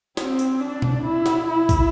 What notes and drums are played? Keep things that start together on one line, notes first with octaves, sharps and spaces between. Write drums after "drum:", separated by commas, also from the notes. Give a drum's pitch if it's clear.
C4, drum: snare
drum: tambourine
D4
drum: tom B2
E4
drum: snare
E4
drum: kick, tambourine